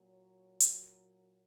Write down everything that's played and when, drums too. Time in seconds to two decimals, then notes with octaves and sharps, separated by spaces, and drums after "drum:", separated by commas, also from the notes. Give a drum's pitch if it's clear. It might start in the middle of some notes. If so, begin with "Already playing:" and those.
Already playing: A#2 F#3
0.09 C#5
0.60 drum: hi-hat